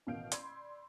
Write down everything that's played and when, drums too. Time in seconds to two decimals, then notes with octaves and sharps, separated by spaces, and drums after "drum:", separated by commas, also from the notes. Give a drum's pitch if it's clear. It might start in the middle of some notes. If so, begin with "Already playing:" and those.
0.07 A1 B2 D#3 F5 G6 D7
0.32 D5 B5 C6 E6 G#6, drum: hi-hat